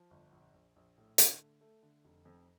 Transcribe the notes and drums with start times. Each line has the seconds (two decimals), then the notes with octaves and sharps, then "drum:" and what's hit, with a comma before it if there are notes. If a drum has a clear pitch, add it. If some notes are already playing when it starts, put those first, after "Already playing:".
Already playing: F3
0.11 G1
0.32 A#1
0.54 A#1
0.76 A#1
0.97 A2
1.18 D3, drum: hi-hat
1.40 A3
1.61 A3
1.82 D3
2.05 F1
2.25 F2